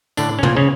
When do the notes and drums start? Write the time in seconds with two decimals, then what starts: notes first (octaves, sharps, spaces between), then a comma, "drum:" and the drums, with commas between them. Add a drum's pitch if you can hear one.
0.17 A2 D3 D4, drum: tambourine
0.39 C#4
0.43 A#2 F3 A#3, drum: tom
0.57 C#3 C#4